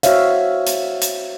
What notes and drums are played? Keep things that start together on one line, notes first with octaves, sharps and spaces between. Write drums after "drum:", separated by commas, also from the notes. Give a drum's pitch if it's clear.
F#4 C5 C#5 E5 F5, drum: hi-hat
drum: hi-hat
drum: hi-hat